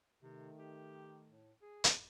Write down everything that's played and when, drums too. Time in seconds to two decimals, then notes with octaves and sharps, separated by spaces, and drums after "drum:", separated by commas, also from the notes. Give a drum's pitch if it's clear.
0.23 C3 D#3 A3
0.59 G4
1.29 A2
1.62 G#4
1.84 drum: hi-hat